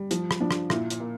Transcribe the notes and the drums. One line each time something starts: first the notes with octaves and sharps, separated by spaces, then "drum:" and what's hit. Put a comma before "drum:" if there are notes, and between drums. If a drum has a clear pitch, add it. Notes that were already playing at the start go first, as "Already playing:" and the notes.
Already playing: G3
F3, drum: hi-hat
drum: rim click
F3 D4
drum: rim click
A#2 E4, drum: rim click
drum: hi-hat
A#3